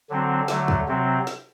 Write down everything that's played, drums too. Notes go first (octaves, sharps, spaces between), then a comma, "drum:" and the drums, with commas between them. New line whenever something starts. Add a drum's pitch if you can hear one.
D3 F#3 C4
D3 F#3 A3, drum: snare
drum: kick
C3 F#3 C4
drum: snare